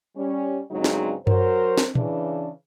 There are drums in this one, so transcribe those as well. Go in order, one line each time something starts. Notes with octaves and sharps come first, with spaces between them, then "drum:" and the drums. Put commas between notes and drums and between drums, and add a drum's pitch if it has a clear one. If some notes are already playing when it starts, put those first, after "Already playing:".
G3 C#4
G2 C#3 F#3 G#3 C4 D#4
drum: snare
F#3 A#4 C5, drum: tom F#2
drum: snare
C#3 E3 D4, drum: tom A#2